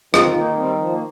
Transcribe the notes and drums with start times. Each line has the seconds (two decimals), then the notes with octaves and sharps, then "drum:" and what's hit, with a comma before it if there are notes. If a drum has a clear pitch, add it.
0.14 D#3 C4 F4, drum: rim click
0.27 F4
0.35 A#3 D#4
0.51 A#3
0.56 G3 C4
0.78 F3
0.90 A#3